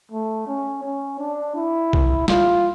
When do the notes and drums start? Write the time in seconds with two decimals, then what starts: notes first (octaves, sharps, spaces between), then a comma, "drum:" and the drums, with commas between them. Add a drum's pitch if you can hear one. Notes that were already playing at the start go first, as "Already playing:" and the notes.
0.11 A3
0.47 C#4
0.83 C#4
1.19 D4
1.55 E4
1.93 drum: kick B1
2.28 F4, drum: snare